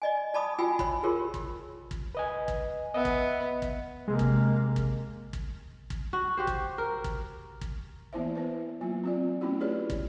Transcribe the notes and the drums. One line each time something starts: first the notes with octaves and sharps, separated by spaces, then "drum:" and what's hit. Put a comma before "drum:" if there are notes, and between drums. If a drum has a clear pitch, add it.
D5 D#5 G#5
D5 A5 B5 D6 D#6
F4 F#4 G5 G#5 B5 E6
C#5 B5, drum: kick
F4 G4 G#4 A#4 C#5
drum: kick
drum: kick
B4 D#5 G#5
drum: kick
B3 D#5 E5
drum: kick
drum: kick
C3 G#3 A#3
drum: kick
drum: kick
drum: kick
drum: kick
F#4
F#4 G4 C5
drum: kick
A#4
drum: kick
drum: kick
E3 A#3 B3 E4 C5 E5
B3 B4 C5
F#3 A#3 F4
C4 F4 D5
A3 B3 C#4 D4 E4 F#4
F4 G4 G#4 B4 C#5 D5
drum: kick